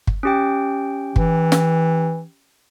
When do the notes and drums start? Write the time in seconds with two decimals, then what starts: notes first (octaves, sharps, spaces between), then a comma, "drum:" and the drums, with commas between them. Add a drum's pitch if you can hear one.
0.07 drum: kick
0.23 C#4 G4 G5
1.16 E3, drum: kick
1.52 drum: snare